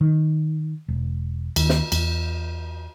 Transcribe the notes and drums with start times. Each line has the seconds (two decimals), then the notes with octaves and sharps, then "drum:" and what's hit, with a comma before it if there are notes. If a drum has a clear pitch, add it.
0.01 D#3
0.88 E1
1.56 D#2, drum: cymbal
1.69 drum: snare
1.92 E2, drum: cymbal